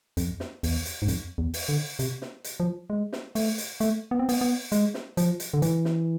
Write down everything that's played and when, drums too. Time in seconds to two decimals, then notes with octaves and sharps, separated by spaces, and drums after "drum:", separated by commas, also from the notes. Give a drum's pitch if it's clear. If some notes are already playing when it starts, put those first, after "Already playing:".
0.17 F2, drum: hi-hat
0.40 drum: snare
0.63 E2, drum: open hi-hat
0.85 drum: hi-hat
1.02 G#2
1.08 F2, drum: hi-hat
1.38 E2
1.54 drum: open hi-hat
1.69 D3
1.99 C3, drum: hi-hat
2.22 drum: snare
2.44 drum: hi-hat
2.60 F3
2.90 G#3
3.13 drum: snare
3.35 A3, drum: open hi-hat
3.58 drum: hi-hat
3.80 A3, drum: hi-hat
4.11 B3
4.19 C4
4.29 B3, drum: open hi-hat
4.41 B3
4.72 G#3, drum: hi-hat
4.94 drum: snare
5.17 F3, drum: hi-hat
5.40 drum: hi-hat
5.54 D3
5.62 E3, drum: hi-hat
5.85 drum: snare